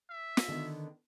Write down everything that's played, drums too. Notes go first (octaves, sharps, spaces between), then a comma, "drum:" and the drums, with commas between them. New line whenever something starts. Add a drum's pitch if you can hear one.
E5
drum: snare
D3 D#3 B3